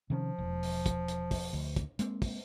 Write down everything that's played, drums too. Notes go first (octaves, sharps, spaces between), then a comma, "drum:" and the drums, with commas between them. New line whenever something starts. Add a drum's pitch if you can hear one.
C3 D#3 F3 C#4
E1
drum: open hi-hat
drum: kick, hi-hat
drum: hi-hat
drum: kick, open hi-hat
D2
drum: kick, hi-hat
G#3 A#3 C4, drum: hi-hat
drum: kick, open hi-hat